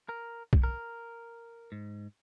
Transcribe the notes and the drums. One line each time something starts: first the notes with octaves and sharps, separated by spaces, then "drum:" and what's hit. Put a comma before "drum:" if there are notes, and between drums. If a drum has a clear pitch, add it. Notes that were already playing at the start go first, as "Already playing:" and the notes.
A#4
drum: kick B1
A#4
G#2